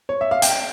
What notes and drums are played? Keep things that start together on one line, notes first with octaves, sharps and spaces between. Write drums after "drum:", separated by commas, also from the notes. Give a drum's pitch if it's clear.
C#5
E5
F5
G5, drum: hi-hat